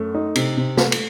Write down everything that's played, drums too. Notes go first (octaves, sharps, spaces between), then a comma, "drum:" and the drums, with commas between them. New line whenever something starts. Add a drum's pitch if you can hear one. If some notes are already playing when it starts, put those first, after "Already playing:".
Already playing: F#2 A3
D#4
C3, drum: cymbal
C3
A3, drum: snare
drum: cymbal